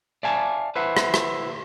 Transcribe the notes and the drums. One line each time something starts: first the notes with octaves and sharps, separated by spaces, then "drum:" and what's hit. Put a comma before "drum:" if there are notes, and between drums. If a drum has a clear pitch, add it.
D5 E5 F5 G#5 A5
E4 B4 C5 E5 F#5
drum: rim click
drum: rim click